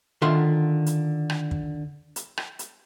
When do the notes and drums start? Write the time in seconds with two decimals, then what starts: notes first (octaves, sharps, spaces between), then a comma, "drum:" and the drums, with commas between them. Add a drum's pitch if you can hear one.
0.22 D3 D#3 F4 E5 F#5 C6
0.86 drum: hi-hat
1.30 drum: rim click
1.51 drum: kick
2.16 drum: hi-hat
2.37 drum: rim click
2.59 drum: hi-hat